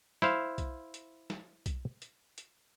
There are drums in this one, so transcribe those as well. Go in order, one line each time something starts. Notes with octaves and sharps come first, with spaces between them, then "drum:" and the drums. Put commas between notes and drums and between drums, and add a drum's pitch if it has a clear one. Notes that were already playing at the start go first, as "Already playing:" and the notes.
E4 C5 F5, drum: snare
drum: kick B1, hi-hat
drum: hi-hat
drum: snare
drum: kick B1, hi-hat
drum: hi-hat
drum: hi-hat